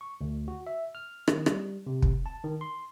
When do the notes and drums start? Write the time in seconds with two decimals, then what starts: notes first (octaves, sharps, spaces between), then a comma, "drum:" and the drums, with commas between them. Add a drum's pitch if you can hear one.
0.01 C#6
0.21 D2
0.48 F#4
0.67 E5
0.95 F6
1.28 D#3, drum: rim click
1.46 G3, drum: rim click
1.86 C3
2.02 drum: kick
2.26 A5
2.44 D#3
2.61 C6